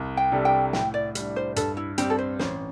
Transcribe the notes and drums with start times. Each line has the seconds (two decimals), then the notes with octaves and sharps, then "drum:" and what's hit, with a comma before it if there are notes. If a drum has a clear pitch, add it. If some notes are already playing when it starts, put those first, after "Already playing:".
Already playing: C2
0.17 G5
0.32 C3 G3 D4 A4
0.45 G5
0.73 A2 G5, drum: snare
0.94 D5
1.15 G3 D4, drum: hi-hat
1.36 C5
1.56 G2 A4, drum: hi-hat
1.77 E4
1.98 G3 C4 G4, drum: hi-hat
2.10 A4
2.19 C5
2.39 A1 C5, drum: snare